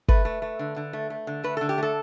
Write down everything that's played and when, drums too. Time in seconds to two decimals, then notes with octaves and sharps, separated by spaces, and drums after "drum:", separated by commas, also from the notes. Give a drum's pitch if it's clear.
0.08 A3 B4, drum: kick
0.25 A3
0.42 A3
0.59 D3
0.76 D3
0.93 A3
1.10 A3
1.27 D3
1.44 A3 B4
1.57 D3 A4
1.69 G4
1.78 A3 A4